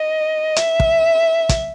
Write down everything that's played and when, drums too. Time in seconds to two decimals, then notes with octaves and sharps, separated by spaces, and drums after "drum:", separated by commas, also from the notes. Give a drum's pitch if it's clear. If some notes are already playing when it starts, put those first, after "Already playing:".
Already playing: D#5
0.56 E5, drum: hi-hat
0.80 drum: kick
1.49 drum: kick, hi-hat